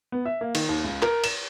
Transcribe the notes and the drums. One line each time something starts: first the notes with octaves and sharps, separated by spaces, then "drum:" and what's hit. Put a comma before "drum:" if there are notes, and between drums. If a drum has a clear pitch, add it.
B3
E5
A#3
D#3, drum: cymbal
D#2
C#2
A#4, drum: clap
E7, drum: cymbal